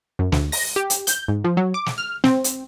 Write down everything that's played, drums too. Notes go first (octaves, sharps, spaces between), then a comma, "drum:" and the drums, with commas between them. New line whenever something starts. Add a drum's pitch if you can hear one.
F#2
D2, drum: snare
A#6, drum: open hi-hat
G4
drum: hi-hat
G6, drum: hi-hat
G#2
F3
F#3
D6
drum: snare
F6
C4, drum: snare
drum: hi-hat